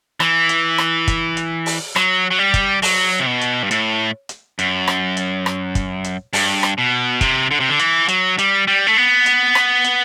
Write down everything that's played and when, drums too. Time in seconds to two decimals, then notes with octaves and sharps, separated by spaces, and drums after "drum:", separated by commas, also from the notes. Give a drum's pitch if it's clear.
0.20 E3, drum: rim click
0.49 drum: hi-hat
0.78 drum: rim click
1.08 drum: kick, hi-hat
1.37 drum: hi-hat
1.66 drum: open hi-hat
1.96 F#3, drum: rim click
2.31 F#3
2.39 G3
2.54 drum: kick, hi-hat
2.82 F#3, drum: open hi-hat
3.19 C3
3.27 B2
3.41 drum: hi-hat
3.63 G2
3.71 A2, drum: hi-hat
4.29 drum: hi-hat
4.59 F#2, drum: hi-hat
4.88 drum: rim click
5.17 drum: hi-hat
5.46 drum: rim click
5.75 drum: kick, hi-hat
6.04 drum: hi-hat
6.33 G2, drum: open hi-hat
6.63 drum: rim click
6.78 B2
7.21 C3, drum: kick, hi-hat
7.51 D3
7.60 C3
7.69 D3
7.79 E3, drum: hi-hat
8.08 F#3, drum: hi-hat
8.39 G3, drum: hi-hat
8.68 G3
8.87 A3
8.97 B3
9.26 drum: hi-hat
9.55 drum: rim click
9.84 drum: hi-hat